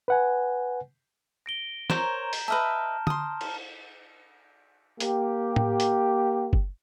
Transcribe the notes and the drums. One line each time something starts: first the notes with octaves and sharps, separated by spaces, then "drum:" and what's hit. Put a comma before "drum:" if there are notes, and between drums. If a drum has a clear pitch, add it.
B4 F#5 G#5
A#6 D7 G7
A#4 C5 C#5 A#5 G6 E7, drum: snare
drum: open hi-hat
B4 D#5 E5 A5 F6
C6 D#6, drum: tom
drum: cymbal
A#3 G4, drum: hi-hat
drum: tom A2
drum: hi-hat
drum: kick F#1